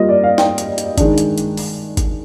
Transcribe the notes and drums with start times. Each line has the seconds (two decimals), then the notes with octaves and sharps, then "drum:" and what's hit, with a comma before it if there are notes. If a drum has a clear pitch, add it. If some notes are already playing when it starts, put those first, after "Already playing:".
Already playing: G3 A#3 F4 D#5
0.09 D5
0.23 F5
0.38 G5, drum: snare
0.58 drum: hi-hat
0.78 drum: hi-hat
0.98 D#3 G#3 D4, drum: kick G#1, hi-hat
1.18 drum: hi-hat
1.38 drum: hi-hat
1.57 drum: open hi-hat
1.97 drum: kick G#1, hi-hat